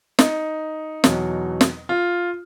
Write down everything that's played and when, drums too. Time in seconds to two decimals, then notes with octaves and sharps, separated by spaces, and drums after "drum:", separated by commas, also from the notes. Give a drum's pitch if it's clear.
0.19 D#4, drum: snare
1.04 E2 B2 F#3, drum: snare
1.61 drum: snare
1.89 F4